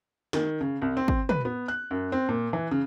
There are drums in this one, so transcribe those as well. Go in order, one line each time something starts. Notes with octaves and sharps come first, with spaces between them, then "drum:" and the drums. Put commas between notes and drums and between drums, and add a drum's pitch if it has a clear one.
D#3, drum: snare
C#3
C2
C4
drum: kick
B4, drum: tom
B3
F#6
F#2
C4
A#2
E3
C#3